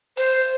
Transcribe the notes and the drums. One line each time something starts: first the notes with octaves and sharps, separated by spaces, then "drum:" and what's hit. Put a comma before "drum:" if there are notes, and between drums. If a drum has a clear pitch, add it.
C5, drum: open hi-hat